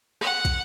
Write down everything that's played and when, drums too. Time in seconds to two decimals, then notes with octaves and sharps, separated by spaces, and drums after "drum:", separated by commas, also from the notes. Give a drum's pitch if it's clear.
0.21 F#5, drum: rim click
0.45 drum: kick, hi-hat